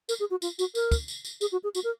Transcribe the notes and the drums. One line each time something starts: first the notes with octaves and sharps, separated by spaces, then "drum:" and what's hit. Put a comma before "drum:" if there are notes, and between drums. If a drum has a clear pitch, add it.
A#4, drum: tambourine
G#4
F#4
F4, drum: tambourine
F#4, drum: tambourine
A#4, drum: tambourine
drum: kick, tambourine
drum: tambourine
drum: tambourine
G#4, drum: tambourine
F#4
G#4
F#4, drum: tambourine
A#4